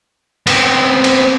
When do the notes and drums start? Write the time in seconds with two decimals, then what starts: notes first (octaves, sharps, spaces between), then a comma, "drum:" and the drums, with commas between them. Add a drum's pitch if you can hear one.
0.47 B3 C4, drum: cymbal
1.04 drum: cymbal